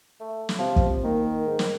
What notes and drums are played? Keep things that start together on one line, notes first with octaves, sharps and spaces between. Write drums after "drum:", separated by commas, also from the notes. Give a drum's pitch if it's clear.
A3
drum: snare
C3 F3
drum: kick
D#3 A#3
G#2
drum: snare